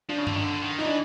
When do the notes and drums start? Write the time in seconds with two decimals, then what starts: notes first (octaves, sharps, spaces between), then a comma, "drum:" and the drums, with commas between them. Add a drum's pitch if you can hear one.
0.09 F3 D4
0.18 C#3
0.27 D3, drum: tom G2
0.35 D#3
0.44 D3
0.62 D#3
0.78 E3 D#4
0.86 D4